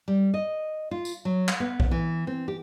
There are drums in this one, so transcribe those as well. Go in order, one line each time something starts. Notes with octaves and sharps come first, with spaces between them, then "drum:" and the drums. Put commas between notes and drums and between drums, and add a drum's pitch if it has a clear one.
G3
D#5
F4
drum: tambourine
F#3
drum: clap
B3
drum: kick B1
E3
C4
G4